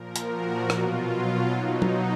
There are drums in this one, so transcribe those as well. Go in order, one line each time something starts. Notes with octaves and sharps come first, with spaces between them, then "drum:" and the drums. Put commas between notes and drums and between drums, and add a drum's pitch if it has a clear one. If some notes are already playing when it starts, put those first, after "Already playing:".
Already playing: A#2 F3 A#4
drum: hi-hat
F#4
B2 F#3 F4, drum: rim click
B2 F#3 D#4
drum: tom